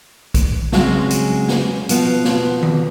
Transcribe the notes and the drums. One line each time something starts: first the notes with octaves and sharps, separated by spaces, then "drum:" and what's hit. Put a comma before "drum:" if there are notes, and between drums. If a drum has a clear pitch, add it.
drum: kick B1, hi-hat
C#3 F#3 G#3 C4 C#4, drum: snare
drum: hi-hat
drum: snare
B2 F3 B3, drum: hi-hat
drum: snare
drum: tom D#3